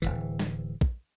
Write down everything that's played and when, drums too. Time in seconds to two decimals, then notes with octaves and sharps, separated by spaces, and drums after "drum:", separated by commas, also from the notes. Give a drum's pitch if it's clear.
0.02 D1 B1 E3
0.39 drum: snare
0.81 drum: kick